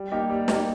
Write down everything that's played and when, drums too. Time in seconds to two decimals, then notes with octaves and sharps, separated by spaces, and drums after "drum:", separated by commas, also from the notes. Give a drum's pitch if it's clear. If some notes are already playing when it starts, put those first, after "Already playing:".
Already playing: G3
0.12 A#3 D#4 G4
0.30 G3
0.48 A#3 D#4 G4, drum: snare